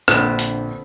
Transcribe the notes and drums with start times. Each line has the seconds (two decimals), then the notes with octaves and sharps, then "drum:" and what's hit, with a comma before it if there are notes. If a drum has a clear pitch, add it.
0.08 A#1 D3 B3 C4, drum: rim click
0.39 drum: hi-hat